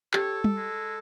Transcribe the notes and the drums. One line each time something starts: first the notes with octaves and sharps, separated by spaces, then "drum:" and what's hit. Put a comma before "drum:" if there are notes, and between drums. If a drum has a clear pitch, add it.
G4 A4 C#5, drum: clap
drum: tom G3
G#3